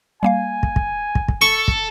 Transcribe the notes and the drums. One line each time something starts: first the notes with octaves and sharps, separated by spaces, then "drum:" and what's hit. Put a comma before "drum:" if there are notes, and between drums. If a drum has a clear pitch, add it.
G3 A#3 F5 G#5
drum: kick
drum: kick
drum: kick
drum: kick
A4 C#6
drum: kick